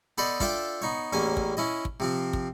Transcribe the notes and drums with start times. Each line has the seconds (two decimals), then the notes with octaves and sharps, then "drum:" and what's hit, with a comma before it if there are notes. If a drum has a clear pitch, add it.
0.18 B3 A4 B4 C5 D5 D#5
0.40 D4 F4 A4 E5 G5 D6, drum: kick
0.82 B3 D#4 C#5
1.13 A1 E2 A#3 C#4 G#5
1.37 drum: kick
1.57 C#4 E4 D#5
1.85 drum: kick
2.00 C3 F3 C4
2.33 drum: kick